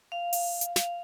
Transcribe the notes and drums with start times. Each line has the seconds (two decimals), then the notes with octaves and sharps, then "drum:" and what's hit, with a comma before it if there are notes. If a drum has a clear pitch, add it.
0.12 F5
0.33 drum: open hi-hat
0.61 drum: hi-hat
0.76 F5, drum: snare